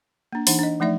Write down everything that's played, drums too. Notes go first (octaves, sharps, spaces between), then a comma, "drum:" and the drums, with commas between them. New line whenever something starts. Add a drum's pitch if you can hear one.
A#3 D4
E3 D4 D#4 F#5, drum: open hi-hat
D4 D#5
F3 A3 D#4 D5 E5